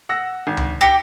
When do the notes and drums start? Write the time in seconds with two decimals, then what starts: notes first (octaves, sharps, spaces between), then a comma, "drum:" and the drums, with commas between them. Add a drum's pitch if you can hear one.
0.09 F#5 E6 A#6
0.47 G#1
0.57 drum: tom C#2
0.81 G4 A#6 B6 C#7